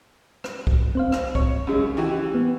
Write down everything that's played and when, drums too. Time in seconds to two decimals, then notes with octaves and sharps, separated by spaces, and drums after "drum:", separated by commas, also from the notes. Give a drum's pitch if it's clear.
0.44 drum: rim click
0.67 drum: kick C2
0.95 C4 C5 F5
1.12 drum: rim click
1.35 C#5, drum: kick C2
1.67 F#2 C#3 G#3
1.97 E3 F#4 G4
2.35 B3